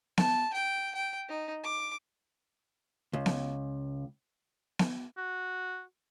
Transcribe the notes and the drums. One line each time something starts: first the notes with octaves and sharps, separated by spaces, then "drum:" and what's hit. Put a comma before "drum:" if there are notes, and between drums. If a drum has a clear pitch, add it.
A5, drum: snare B3
G5
G5
D#4
D6
C#2
drum: snare B3
drum: snare B3
F#4